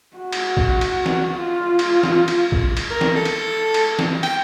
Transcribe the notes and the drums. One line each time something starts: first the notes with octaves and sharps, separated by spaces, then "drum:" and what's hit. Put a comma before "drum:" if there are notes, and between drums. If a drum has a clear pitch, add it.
F#4
drum: cymbal
drum: kick
drum: cymbal
drum: snare
F4
drum: cymbal
drum: snare
drum: cymbal
drum: kick
drum: cymbal
A#4
drum: snare
A4
drum: cymbal
drum: cymbal
drum: snare
G5, drum: cymbal